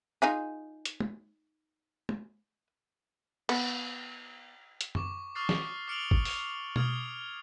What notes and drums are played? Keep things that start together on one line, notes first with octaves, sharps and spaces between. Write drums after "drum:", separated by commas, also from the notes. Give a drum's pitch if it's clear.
D#4 F4 G#4
drum: hi-hat
drum: tom
drum: tom
B3, drum: cymbal
drum: hi-hat
C#6 D6, drum: tom F#2
C#6 D#6 F6 F#6 A6 C7
drum: snare
D6 F6 C#7 D7 F7 F#7
drum: kick
F7, drum: open hi-hat
D#6 F6 G#6, drum: tom B2